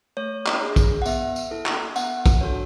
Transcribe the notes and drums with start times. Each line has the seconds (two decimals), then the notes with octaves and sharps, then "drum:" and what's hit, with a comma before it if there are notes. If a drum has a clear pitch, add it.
0.17 A3 C#5
0.46 drum: clap
0.61 D4 G#4
0.76 drum: kick, tambourine
1.02 F#5
1.06 B3 E5, drum: tambourine
1.36 drum: tambourine
1.51 E4 A4
1.66 drum: clap
1.96 B3 F#5, drum: tambourine
2.26 drum: kick, tambourine
2.40 D4 F#4 A4 C#5